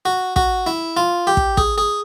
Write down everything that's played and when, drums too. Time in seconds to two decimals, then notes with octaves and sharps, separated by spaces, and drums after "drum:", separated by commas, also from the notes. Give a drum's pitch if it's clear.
0.05 F#4
0.36 F#4, drum: kick
0.67 E4
0.97 F4
1.27 G4
1.37 drum: kick
1.57 G#4, drum: kick
1.78 G#4